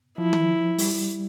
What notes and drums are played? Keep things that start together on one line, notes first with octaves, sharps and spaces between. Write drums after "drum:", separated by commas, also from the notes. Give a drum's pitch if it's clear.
F3 E4
drum: tom D#3
G3, drum: open hi-hat